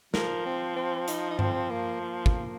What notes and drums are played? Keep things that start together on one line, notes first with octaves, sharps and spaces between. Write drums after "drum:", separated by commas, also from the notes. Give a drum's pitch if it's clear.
F3 A#4, drum: snare
C4
C4
D#4, drum: hi-hat
D#4
C4, drum: tom G2
A#3
A#3
drum: kick